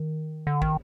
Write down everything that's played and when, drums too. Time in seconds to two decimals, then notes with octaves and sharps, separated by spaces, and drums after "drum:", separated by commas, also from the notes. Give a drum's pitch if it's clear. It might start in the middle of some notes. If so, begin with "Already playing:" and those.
Already playing: D#3
0.47 D3
0.62 D#3, drum: kick